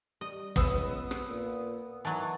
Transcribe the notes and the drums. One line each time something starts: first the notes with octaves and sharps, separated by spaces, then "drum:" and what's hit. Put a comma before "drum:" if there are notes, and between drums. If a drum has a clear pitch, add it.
G3 D#5
C#2 B3 D#6 E6, drum: kick
drum: rim click
A#2
D#3 E3 F#3 A5